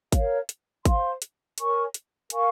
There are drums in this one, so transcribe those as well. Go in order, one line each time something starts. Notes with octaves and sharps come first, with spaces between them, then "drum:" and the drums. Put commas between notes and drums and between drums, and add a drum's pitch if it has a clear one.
A#4 C#5 F5, drum: kick G#1, hi-hat
drum: hi-hat
C5 F5 C6, drum: kick G#1, hi-hat
drum: hi-hat
A#4 C#5 G#5 C#6, drum: hi-hat
drum: hi-hat
A#4 F5 G#5 C#6, drum: hi-hat